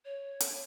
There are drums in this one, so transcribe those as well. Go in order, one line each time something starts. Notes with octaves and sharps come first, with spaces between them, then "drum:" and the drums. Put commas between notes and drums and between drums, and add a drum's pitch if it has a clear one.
C#5
drum: hi-hat